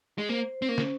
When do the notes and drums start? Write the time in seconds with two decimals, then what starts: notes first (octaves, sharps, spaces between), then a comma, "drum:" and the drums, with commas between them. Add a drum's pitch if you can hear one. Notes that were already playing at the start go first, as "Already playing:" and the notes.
0.18 G#3
0.29 A#3 C5
0.62 C4
0.69 A#3 C#4
0.78 drum: snare